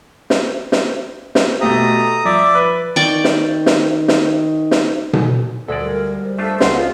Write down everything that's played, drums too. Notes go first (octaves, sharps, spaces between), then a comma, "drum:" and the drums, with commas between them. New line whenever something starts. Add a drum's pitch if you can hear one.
drum: snare
drum: snare
drum: snare
B2 A3 G4 A#5 D#6
F3 D5 E5
B4
D#3 D5 G5 C#6
drum: snare
drum: snare
drum: snare
drum: snare
drum: tom B2
D2 G#3 A4 D5
G3 A#4
C5
A3 D4 F4 A4 E5
C#2 F#5 C6, drum: snare
C4 F4 G#4